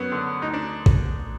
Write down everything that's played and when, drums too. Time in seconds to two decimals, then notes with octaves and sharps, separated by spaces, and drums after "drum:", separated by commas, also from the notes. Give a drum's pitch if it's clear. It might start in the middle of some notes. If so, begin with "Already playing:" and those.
Already playing: F#2 B3 C#4
0.12 D3
0.42 D2 D#4
0.53 D4
0.86 drum: kick